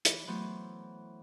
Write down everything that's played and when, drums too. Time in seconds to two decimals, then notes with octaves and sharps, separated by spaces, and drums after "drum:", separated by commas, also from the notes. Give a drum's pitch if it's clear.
0.05 E3, drum: hi-hat
0.27 E3 F#3 A3 B3 C5